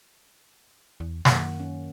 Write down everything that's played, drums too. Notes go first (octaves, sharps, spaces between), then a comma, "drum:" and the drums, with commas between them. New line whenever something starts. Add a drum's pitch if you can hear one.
E2
F#2 D#3 A#3 F#5, drum: snare
C#4